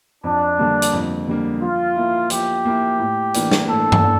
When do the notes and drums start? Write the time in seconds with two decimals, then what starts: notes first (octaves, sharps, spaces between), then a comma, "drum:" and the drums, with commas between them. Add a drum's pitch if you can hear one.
0.24 F2 D4
0.58 D3 G3 A#3
0.82 drum: hi-hat
0.93 F2
1.27 D3 G3 A#3
1.61 F3 F4
1.96 A#3 E4
2.30 F3 G4, drum: hi-hat
2.65 A#3 E4
2.99 A2
3.34 E3 A#3 D4, drum: hi-hat
3.51 drum: snare
3.69 A2 A4
3.92 drum: tom
4.03 A#3 D4